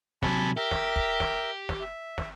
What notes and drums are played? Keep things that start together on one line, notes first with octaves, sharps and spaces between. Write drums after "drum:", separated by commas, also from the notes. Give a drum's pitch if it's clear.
C3 F#3 G#5 A5 B5, drum: snare
G4 A#4 E5
drum: snare
drum: kick
drum: snare
drum: snare
E5
drum: snare